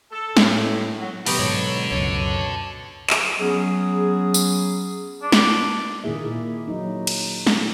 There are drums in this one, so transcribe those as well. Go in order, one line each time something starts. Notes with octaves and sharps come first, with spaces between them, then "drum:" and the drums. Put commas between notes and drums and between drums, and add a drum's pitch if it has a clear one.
A4
A2, drum: snare
F#3
B2 F#3 B3 G4 A4 D5, drum: open hi-hat
G#2 C#5
C#2 F#2 C#5
drum: clap
F#3 B3 C#4 G#4
drum: tambourine
D4
drum: snare
A#2 D#3 A#3 E4 G#4 E5
F#3 D#4
drum: cymbal
drum: snare